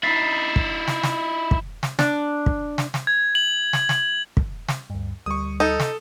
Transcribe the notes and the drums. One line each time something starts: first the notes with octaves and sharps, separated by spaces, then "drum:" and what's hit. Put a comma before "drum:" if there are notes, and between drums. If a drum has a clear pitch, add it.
D#4 E4 A6 B6 C7
drum: kick
drum: snare
drum: snare
drum: kick
drum: snare
D4, drum: snare
drum: kick
drum: snare
drum: snare
G#6
F#7
drum: snare
drum: snare
drum: kick
drum: snare
D2 G2
D2 G3 C#6 D#6
D#4 A4 D#6
drum: snare